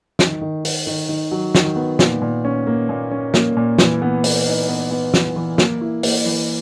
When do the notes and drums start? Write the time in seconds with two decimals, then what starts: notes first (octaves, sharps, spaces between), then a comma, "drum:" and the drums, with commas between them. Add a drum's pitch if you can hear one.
0.19 D#3, drum: snare
0.41 D#3
0.65 D#3, drum: open hi-hat
0.87 D#3
1.09 D#3
1.31 F#3
1.55 D#3, drum: snare
1.76 B3
1.99 A#2, drum: snare
2.22 A#2
2.45 C#4
2.67 A#3
2.89 A#2
3.11 C#4
3.34 A#3, drum: snare
3.57 A#2
3.78 E3, drum: snare
4.02 B3
4.24 B3, drum: open hi-hat
4.46 D#4
4.69 B3
4.91 B3
5.14 E3, drum: snare
5.36 E3
5.58 A#3, drum: snare
5.81 E4
6.03 A#3, drum: open hi-hat
6.26 E3